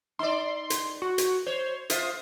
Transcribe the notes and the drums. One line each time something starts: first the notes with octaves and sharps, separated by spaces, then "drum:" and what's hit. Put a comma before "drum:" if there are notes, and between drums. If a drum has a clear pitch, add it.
D#4 D5 C6
drum: hi-hat
F#4
drum: hi-hat
C5 C#5
F4 C5 E5 D#6, drum: hi-hat